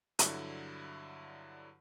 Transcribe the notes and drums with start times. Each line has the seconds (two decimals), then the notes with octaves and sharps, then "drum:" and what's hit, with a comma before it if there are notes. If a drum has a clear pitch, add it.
0.19 G2 D3 F#3 E4, drum: hi-hat